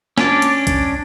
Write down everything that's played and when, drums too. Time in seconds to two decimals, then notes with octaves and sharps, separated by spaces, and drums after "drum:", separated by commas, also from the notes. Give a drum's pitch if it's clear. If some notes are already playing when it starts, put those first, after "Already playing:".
0.18 C#4 D4 D5, drum: snare
0.42 drum: hi-hat
0.67 drum: kick, hi-hat